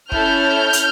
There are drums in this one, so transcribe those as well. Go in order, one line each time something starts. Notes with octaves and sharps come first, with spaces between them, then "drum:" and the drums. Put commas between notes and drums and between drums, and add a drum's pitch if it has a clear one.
C#4 E4 A4 F6 G6, drum: kick
drum: hi-hat